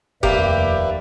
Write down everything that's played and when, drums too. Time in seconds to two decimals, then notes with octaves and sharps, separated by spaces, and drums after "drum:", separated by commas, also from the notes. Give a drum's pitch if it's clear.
0.23 F1 D#2 A#3 G4 B4 D5 E5, drum: kick E1